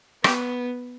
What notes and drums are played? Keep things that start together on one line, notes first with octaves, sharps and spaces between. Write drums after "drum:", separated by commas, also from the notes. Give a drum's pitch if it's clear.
B3 G4, drum: rim click